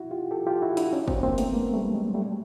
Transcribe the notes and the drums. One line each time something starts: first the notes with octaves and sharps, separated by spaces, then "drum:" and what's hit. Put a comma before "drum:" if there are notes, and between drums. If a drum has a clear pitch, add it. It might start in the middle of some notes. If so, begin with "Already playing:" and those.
Already playing: E4 F#4
F4 G4
G4 A4
F4 G4
E4 F#4
D4 E4, drum: hi-hat
C#4 D#4
C4 D4, drum: kick
A#3 C4
A3 B3, drum: hi-hat
G#3 A#3
G3 A3
F#3 G#3
G3 A3